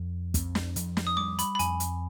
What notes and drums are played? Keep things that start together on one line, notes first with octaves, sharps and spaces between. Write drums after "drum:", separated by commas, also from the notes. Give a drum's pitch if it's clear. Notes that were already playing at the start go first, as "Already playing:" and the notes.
Already playing: F2
F2, drum: kick, hi-hat
drum: snare
F2, drum: hi-hat
drum: snare
D#6
G3 D6
B5, drum: hi-hat
B5
F2 G#5, drum: hi-hat
drum: hi-hat